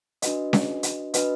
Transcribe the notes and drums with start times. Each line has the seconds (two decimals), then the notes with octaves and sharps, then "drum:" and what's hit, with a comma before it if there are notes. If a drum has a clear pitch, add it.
0.22 D4 F#4 B4 D#5, drum: hi-hat
0.53 drum: snare C#4
0.83 drum: hi-hat
1.14 D4 F#4 B4 D#5, drum: hi-hat